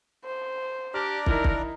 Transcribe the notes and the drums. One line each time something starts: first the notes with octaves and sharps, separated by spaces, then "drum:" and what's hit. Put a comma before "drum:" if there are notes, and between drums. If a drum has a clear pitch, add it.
C5
D4 G4 D5 A#5 F6
D#3 D#4 E4 A#4, drum: kick
drum: kick